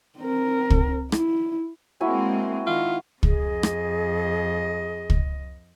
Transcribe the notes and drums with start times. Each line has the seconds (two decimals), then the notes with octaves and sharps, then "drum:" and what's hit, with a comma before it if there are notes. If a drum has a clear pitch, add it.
0.18 C4 A#4
0.70 drum: kick
1.12 E4, drum: rim click
2.01 G#3 A#3 C4 E4 F#4 G#5
2.67 D#3 F4
3.23 F2 G#4 D#5, drum: kick
3.63 drum: rim click
5.10 drum: kick